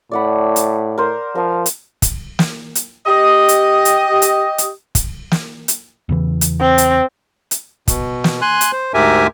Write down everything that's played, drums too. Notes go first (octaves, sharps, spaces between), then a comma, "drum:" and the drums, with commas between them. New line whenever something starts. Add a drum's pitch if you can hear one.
A2 D5 F#5 B5
drum: hi-hat
A#4 C5
F3 A#4 F5
drum: hi-hat
drum: kick, hi-hat
drum: snare
drum: hi-hat
G4 D#5
drum: hi-hat
drum: hi-hat
drum: hi-hat
drum: hi-hat
drum: kick, hi-hat
drum: snare
drum: hi-hat
E2 C#3 E3
drum: hi-hat
C4
drum: hi-hat
drum: hi-hat
B2, drum: kick, hi-hat
drum: snare
G#5 C6 F#6
drum: hi-hat
C5
D2 G#2 G4 A#4 E5 G#5